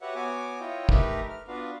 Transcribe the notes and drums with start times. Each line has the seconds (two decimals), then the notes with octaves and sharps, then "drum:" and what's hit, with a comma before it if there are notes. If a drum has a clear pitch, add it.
0.01 F#4 G4 B4 C#5 E5 F#5
0.15 B3 F#4 C#5 G#5 D6
0.60 E4 F4 C#5 D#5 G5
0.89 A3 D#4 G4 A#4 B4 A#5, drum: kick
1.30 F6
1.48 B3 D4 F4 F#4 B4 F5